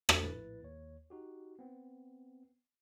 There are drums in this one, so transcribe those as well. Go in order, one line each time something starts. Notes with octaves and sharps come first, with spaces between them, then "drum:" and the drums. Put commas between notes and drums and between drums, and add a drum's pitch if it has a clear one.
drum: rim click
A#1 A2 E4 B4 A6
D#2 C#5
D#4 F#4 G4
B3 C4